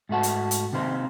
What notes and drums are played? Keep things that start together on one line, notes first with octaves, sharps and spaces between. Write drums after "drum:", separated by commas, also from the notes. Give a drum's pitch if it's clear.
G#2 A3 F#4 A5
drum: hi-hat
drum: hi-hat
C3 D#3 A#3 C5